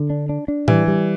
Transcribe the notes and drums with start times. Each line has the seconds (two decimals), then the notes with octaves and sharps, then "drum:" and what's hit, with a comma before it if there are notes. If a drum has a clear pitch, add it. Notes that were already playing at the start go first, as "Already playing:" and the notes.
Already playing: D3
0.10 D4
0.29 D4
0.48 D4
0.68 E3 G3, drum: tom A2
0.88 G3